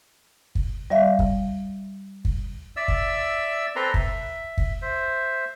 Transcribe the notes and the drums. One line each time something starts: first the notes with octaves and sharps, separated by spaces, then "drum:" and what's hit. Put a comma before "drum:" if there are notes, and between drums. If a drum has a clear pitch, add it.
drum: kick
G3 D5 E5 F5
drum: kick
drum: kick
D5 E5 E6
drum: kick
C4 A4 B4 A#5 C6
E5, drum: kick
drum: kick
C5 E5